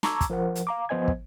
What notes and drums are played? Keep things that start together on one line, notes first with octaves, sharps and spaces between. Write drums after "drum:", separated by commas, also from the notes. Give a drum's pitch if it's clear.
A5 A#5 C#6 D6 E6 G#6, drum: snare
drum: kick, hi-hat
F3 A#4 C5 F#5
drum: hi-hat
F5 A#5 D6
F3 B3 C5 D#5 G#5 G#6
drum: kick